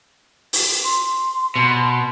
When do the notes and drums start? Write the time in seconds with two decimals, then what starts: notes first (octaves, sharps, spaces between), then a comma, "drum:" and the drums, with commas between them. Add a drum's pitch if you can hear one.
0.53 drum: open hi-hat
0.84 C6
1.56 B2